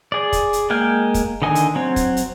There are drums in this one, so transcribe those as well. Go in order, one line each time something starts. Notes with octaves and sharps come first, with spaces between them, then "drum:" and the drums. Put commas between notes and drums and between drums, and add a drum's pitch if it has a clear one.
G#4 D5
drum: kick, hi-hat
drum: hi-hat
G#3 A#3 G5 G#5 F6
drum: kick, hi-hat
D3 D#3 D#5 G#5
drum: hi-hat
F#3 C4 C#5
drum: kick, hi-hat
drum: hi-hat